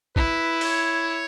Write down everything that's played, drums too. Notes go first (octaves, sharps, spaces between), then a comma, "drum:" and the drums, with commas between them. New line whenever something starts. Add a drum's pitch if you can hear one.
E4 B4, drum: kick A#1
C#5, drum: open hi-hat